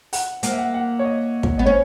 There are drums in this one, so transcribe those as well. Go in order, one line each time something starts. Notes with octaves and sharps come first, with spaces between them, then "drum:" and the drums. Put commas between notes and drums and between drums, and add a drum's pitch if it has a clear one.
F#5, drum: open hi-hat
A#3 F#5, drum: hi-hat
E5
F#5
F#5
C#5
D#5
drum: kick
B3 D#5
C#4 C#5